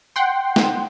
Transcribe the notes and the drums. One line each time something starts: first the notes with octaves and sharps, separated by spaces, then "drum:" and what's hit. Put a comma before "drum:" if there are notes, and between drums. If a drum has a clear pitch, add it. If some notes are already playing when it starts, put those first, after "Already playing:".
F#5 G5 C6
drum: snare